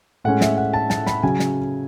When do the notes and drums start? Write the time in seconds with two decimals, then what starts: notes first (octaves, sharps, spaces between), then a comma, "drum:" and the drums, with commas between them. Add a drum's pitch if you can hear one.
0.24 A2 G#3 C#4 F#5
0.41 E5, drum: snare
0.57 F#5
0.73 A5
0.90 A5, drum: snare
1.06 B5, drum: snare
1.23 C#3 F#3 C#4 G#5
1.39 drum: snare